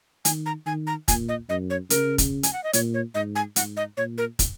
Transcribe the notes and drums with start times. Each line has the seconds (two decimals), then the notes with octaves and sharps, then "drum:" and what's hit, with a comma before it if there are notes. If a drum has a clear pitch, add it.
0.25 D#3 G#5, drum: hi-hat
0.46 A#5
0.66 D#3 G#5
0.87 A#5
1.08 A#2 G#5, drum: kick, hi-hat
1.29 D#5
1.49 F#2 D#5
1.70 C#5
1.90 C#3 A#4, drum: hi-hat
2.18 drum: kick, hi-hat
2.43 G#5, drum: hi-hat
2.53 F#5
2.64 D#5
2.73 A#2 C#5, drum: hi-hat
2.94 C#5
3.15 G#2 D#5
3.35 G#5
3.56 G#2 F#5, drum: hi-hat
3.77 D#5
3.97 A#2 C#5
4.18 A#4
4.39 drum: kick, hi-hat